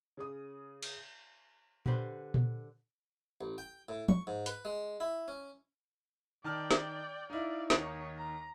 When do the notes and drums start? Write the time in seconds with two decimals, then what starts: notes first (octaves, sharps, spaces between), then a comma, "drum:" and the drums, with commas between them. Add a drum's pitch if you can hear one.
0.17 C#3 G#4 D#6
0.83 drum: cymbal
1.86 D3 G4 B4 C5 B5, drum: tom A#2
2.34 drum: tom A#2
3.41 A1
3.58 G5
3.89 A2
4.09 C#6, drum: tom
4.27 G#2
4.46 B4, drum: hi-hat
4.65 G#3
5.00 E4
5.28 C#4
6.44 D#3 D5 G5 A5 F6
6.71 drum: snare
7.30 D#4 E4 D5 F5
7.70 D#2 D#3 D#4 C#5 F7, drum: snare
8.17 A#5